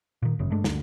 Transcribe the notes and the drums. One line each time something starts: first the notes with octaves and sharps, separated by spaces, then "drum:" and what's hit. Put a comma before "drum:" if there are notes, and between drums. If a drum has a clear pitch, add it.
A#2 D#3
G#1 F#2 C#3
G2 G#3 A3 D4
D2 D3, drum: snare